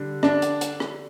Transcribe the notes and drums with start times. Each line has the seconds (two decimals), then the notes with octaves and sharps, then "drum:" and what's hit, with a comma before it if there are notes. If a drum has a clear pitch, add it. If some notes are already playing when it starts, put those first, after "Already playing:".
Already playing: D3 G3
0.23 D4, drum: rim click
0.42 drum: hi-hat
0.61 drum: hi-hat
0.80 drum: rim click